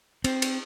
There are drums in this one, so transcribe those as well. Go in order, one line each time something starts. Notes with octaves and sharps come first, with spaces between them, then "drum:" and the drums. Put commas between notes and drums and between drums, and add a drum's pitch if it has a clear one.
C4, drum: cymbal
drum: cymbal